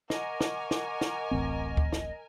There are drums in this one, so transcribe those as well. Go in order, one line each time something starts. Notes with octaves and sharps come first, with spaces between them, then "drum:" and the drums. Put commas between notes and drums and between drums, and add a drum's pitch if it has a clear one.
A#4 D#5 F#5 G#5 C#6 D6, drum: snare
drum: snare
drum: snare
drum: snare
D1 A1 C4
drum: kick D2
drum: snare